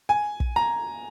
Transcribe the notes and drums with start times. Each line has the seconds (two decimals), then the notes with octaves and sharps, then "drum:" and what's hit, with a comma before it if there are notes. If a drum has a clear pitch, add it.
0.09 G#5
0.40 drum: kick
0.56 A#5